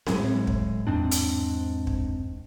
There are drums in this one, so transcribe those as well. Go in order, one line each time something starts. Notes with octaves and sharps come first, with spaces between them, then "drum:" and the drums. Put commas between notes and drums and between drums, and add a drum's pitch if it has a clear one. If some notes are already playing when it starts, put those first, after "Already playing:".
A2 F#3 G#3, drum: snare C4
drum: kick
E2 G#2 C4 D4
drum: hi-hat
drum: kick